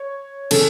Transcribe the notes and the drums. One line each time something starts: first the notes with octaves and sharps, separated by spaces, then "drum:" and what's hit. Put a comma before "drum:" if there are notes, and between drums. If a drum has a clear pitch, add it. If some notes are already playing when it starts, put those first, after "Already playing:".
Already playing: C#5
C#3 E3 A4, drum: cymbal